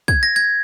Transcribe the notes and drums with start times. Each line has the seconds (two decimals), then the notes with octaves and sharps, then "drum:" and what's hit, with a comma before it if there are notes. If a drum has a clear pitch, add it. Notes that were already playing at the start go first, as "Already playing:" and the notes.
0.08 G#6, drum: kick
0.23 A#6
0.36 G#6